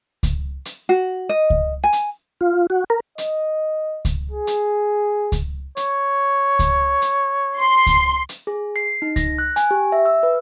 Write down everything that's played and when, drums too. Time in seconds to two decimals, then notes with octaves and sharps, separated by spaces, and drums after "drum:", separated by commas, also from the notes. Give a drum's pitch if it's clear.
0.23 drum: kick C#2, hi-hat
0.65 drum: hi-hat
0.89 F#4
1.29 D#5
1.50 drum: kick C#2
1.84 G#5
1.93 drum: hi-hat
2.41 F4
2.70 F#4
2.90 A#4
3.18 D#5, drum: hi-hat
4.05 drum: kick C#2, hi-hat
4.31 G#4
4.47 drum: hi-hat
5.32 drum: kick C#2, hi-hat
5.77 C#5, drum: hi-hat
6.59 drum: kick C#2, hi-hat
7.02 drum: hi-hat
7.59 C6
7.87 drum: kick C#2, hi-hat
8.29 drum: hi-hat
8.47 G#4
8.76 C7
9.02 D#4
9.16 A#6, drum: kick C#2, hi-hat
9.38 F#6
9.56 G#5, drum: hi-hat
9.71 G4
9.92 E5
10.05 E6
10.23 B4